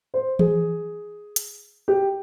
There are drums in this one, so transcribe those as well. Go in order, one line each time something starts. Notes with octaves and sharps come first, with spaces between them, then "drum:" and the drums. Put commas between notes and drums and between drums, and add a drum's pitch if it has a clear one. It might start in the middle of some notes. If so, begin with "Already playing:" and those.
C5
G#4, drum: tom E3
drum: hi-hat
G4